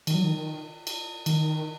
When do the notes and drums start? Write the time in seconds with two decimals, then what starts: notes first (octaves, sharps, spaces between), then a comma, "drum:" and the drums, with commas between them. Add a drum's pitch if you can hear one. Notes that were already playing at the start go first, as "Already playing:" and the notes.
0.07 D#3, drum: cymbal
0.15 F#3
0.24 D#3
0.87 drum: cymbal
1.26 D#3, drum: cymbal